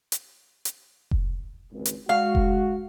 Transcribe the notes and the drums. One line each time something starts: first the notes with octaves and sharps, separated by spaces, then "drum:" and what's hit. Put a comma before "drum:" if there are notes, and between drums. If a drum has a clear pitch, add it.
drum: hi-hat
drum: hi-hat
drum: kick F1
G#1 C#2
drum: hi-hat
G#3 F#4 F5
drum: kick F1